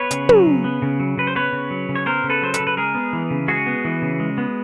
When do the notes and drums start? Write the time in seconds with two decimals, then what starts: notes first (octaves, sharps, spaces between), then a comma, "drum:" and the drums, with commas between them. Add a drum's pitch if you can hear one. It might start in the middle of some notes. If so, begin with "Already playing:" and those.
Already playing: B3 B4 C#5
0.11 C#3, drum: hi-hat
0.29 F#3, drum: tom
0.46 C#3
0.64 B3
0.82 C#3
1.00 F#3
1.17 C#3 B4
1.27 C5
1.35 B3 B4 C#5
1.53 C#3
1.71 F#3
1.89 C#3
1.95 C#5
2.06 B3 A#4 C5
2.24 C#3
2.30 A4 B4
2.42 F#3 C5
2.54 A4 B4, drum: hi-hat
2.59 C#3
2.67 B4
2.77 G#3 G#4 A#4
2.95 B3
3.13 E3
3.31 C#3
3.48 G#3 F#4 G#4
3.66 B3
3.85 E3
4.02 C#3
4.20 G#3
4.38 B3